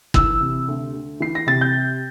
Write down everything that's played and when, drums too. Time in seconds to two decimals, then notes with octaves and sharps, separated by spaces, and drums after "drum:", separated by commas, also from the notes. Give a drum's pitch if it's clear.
0.14 E3 E6, drum: kick
0.40 C3
0.68 D2
0.94 D2
1.20 E3 C7
1.35 A#6
1.47 C3 A6
1.61 G6